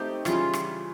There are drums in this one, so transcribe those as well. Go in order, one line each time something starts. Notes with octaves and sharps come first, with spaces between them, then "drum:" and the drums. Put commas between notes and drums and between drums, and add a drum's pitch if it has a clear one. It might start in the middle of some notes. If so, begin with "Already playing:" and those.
Already playing: A3 C4 D#4 G4
C#3 E3 G3 F4, drum: rim click
drum: rim click